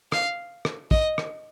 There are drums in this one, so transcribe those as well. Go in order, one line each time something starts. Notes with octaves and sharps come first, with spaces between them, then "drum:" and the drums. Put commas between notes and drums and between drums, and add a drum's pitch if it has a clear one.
F5, drum: rim click
drum: rim click
D#5, drum: kick
drum: rim click